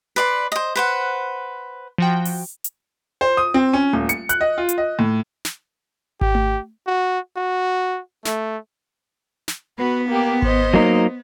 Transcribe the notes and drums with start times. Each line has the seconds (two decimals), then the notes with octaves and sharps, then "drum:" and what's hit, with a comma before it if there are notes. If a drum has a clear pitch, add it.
0.16 B4 D5 C6
0.52 C5 D#5
0.76 B4 C5 F#5
1.98 F3 F#4 G5
2.25 drum: open hi-hat
2.64 drum: hi-hat
3.21 C5
3.37 D#6
3.54 C4
3.73 C#4
3.93 D#1, drum: tom A3
4.09 C#7, drum: hi-hat
4.29 F#6, drum: hi-hat
4.41 D#5
4.58 F4
4.69 drum: hi-hat
4.78 D#5
4.99 A2
5.45 drum: snare
6.21 G4, drum: kick G#1
6.35 drum: tom A3
6.87 F#4
7.36 F#4
8.25 A3, drum: snare
9.48 drum: snare
9.78 B3 F#4 B4
10.08 A#3 G4
10.42 C5 D#5, drum: kick G#1
10.74 F#3 A#3 D#4